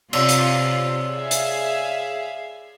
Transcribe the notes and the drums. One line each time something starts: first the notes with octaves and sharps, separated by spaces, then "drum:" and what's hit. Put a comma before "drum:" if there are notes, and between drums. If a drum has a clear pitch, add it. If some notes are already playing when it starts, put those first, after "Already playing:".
C3 C4 F4 C#5 D5 E6, drum: cymbal
drum: hi-hat
G#4 E5 F5
drum: hi-hat